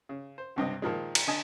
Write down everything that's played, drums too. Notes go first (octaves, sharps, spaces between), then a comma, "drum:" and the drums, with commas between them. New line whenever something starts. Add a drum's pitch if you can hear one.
C#3
C5
C#2 G2 C3 D#5
A#2 D#3 F3 G#3
drum: cymbal
D3 D#5 G#5 A5